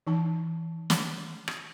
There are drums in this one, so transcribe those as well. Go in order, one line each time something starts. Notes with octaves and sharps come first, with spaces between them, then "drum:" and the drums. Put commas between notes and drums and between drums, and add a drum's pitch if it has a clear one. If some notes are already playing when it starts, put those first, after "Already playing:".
E3 D#4 A5
drum: snare
drum: rim click